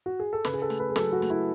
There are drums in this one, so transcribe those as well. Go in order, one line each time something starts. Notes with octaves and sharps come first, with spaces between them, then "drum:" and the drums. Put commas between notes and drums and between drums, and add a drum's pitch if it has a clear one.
F#4
G#4
A4
C#3 B4, drum: snare
G#4
A4
A3, drum: hi-hat
B4
G#4
F#3 A4, drum: snare
F#4
A3, drum: hi-hat
E4